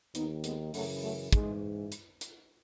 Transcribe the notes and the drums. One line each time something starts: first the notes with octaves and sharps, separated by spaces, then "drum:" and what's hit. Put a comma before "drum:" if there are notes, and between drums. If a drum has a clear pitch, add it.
D#2 D#3 B3 D#4, drum: hi-hat
G#3 B3, drum: hi-hat
F#2 C#3 E3 F#3 A3, drum: open hi-hat
F#3 A3
G#2 E3 G#3, drum: kick, hi-hat
drum: hi-hat
drum: hi-hat